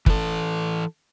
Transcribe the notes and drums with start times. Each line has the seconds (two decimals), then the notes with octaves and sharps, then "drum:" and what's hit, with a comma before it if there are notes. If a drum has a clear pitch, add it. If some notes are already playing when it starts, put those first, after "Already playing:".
0.06 E3 A4, drum: kick